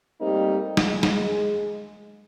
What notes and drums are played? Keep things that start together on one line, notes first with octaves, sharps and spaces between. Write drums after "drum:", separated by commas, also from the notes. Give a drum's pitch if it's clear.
G3 A3 A#3 C4 D#4
G#3, drum: snare
drum: snare